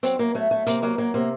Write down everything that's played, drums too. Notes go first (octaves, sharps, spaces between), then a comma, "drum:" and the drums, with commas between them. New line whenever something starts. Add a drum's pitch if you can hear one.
F#3 C4, drum: hi-hat
F#3 A#3
F#3 A3
F#3 A3
C3 A#3, drum: hi-hat
F#3 A#3
F#3 A#3
C3 A#3